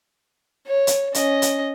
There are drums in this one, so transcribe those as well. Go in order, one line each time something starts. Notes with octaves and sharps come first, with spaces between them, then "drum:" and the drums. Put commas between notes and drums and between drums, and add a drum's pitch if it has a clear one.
C#5
drum: hi-hat
C#4 D#5, drum: hi-hat
drum: hi-hat